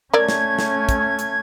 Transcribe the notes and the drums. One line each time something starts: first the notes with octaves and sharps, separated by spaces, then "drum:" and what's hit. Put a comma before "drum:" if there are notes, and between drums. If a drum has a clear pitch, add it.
A3 C#4 A#4 D5 G#6
drum: snare
drum: snare
drum: kick, hi-hat
drum: hi-hat